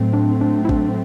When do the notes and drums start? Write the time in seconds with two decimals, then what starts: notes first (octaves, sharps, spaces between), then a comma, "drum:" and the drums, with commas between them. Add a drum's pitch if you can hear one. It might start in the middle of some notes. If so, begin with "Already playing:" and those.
Already playing: A2 F#3 A3 C4
0.13 D4
0.41 D4
0.65 E4
0.69 D4, drum: kick G#1